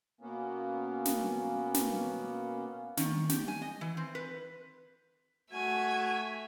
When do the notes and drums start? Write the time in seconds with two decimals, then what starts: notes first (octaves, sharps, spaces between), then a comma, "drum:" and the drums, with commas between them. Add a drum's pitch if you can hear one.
0.21 B2 A#3 B3 C#4
1.06 drum: snare
1.75 drum: snare
2.97 D#3, drum: snare
3.30 G4, drum: snare
3.48 G#5
3.62 D#5
3.81 E3
3.97 C4
4.15 B4
5.53 A3 F#4 E5 G#5